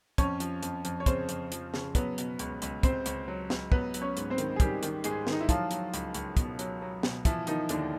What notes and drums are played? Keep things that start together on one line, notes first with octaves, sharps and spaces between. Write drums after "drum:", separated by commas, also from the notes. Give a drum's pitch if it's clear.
F2 C#4 C#5, drum: kick, hi-hat
F3, drum: hi-hat
F2, drum: hi-hat
F2, drum: hi-hat
C#5
C#3 C4 C5, drum: kick, hi-hat
F2, drum: hi-hat
F3, drum: hi-hat
C#3, drum: snare
F#3 B3 B4, drum: kick, hi-hat
B2, drum: hi-hat
C#2, drum: hi-hat
C#2, drum: hi-hat
C#2 C4 C5, drum: kick, hi-hat
C#2, drum: hi-hat
F#3
C#2, drum: snare
F#3 B3 B4, drum: kick
F#3, drum: hi-hat
C#4 C#5
G#2, drum: hi-hat
C4 C5
D#3, drum: hi-hat
G#4
D#3 G3 G4, drum: kick, hi-hat
D#3, drum: hi-hat
G#2 G#3 G#4, drum: hi-hat
D#3, drum: snare
D#4
E4
F3 F#3 F4, drum: kick, hi-hat
F#3, drum: hi-hat
C#2, drum: hi-hat
C#2, drum: hi-hat
B2, drum: kick, hi-hat
F#3, drum: hi-hat
F#3
B2, drum: snare
E3 F3 E4, drum: kick, hi-hat
D#3 F3 D#4, drum: hi-hat
D#2 D3 D4, drum: hi-hat